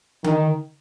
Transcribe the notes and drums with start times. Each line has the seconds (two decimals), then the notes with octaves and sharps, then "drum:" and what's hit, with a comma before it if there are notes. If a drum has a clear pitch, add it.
0.24 D#3, drum: tom D3